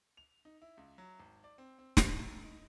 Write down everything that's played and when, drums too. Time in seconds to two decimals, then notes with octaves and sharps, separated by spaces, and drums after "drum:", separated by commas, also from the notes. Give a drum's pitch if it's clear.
0.17 F7
0.45 D#4
0.62 E4
0.77 C#2
0.98 F#3
1.20 G#1
1.44 D5
1.58 C4
1.79 C4
1.97 D#4, drum: snare
2.19 E1
2.45 D#4